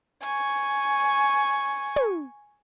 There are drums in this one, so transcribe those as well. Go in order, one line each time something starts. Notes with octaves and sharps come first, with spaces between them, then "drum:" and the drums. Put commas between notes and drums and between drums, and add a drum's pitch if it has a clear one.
G#5 C#6, drum: hi-hat
drum: tom